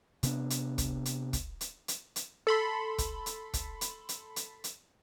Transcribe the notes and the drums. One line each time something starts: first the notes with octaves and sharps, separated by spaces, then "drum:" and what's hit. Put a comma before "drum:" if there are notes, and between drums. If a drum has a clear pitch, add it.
C3 B3 D4, drum: hi-hat
drum: hi-hat
drum: kick, hi-hat
drum: hi-hat
drum: kick, hi-hat
drum: hi-hat
drum: hi-hat
drum: hi-hat
A4 B5 C6
drum: kick, hi-hat
drum: hi-hat
drum: kick, hi-hat
drum: hi-hat
drum: hi-hat
drum: hi-hat
drum: hi-hat